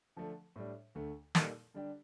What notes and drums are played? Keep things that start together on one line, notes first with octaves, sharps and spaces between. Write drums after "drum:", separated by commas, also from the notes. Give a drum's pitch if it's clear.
D3 F3 A3 D4
A2 G3 D4
D2 D3 A3
A#2 G3 A#3 D#4 A4, drum: snare
D3 G3 D4 G4